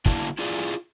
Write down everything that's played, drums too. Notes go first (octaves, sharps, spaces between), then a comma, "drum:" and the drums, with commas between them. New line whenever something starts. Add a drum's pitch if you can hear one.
D3 A#3 D4 E4 F#4, drum: kick, hi-hat
E4 F4 G#4 D5
drum: hi-hat